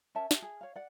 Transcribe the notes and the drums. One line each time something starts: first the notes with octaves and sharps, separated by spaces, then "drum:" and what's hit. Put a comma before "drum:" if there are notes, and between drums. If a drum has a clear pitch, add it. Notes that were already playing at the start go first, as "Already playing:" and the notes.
C#4 A#4 E5 A5
G4, drum: snare
G#4
C#5 F5
D5 F#5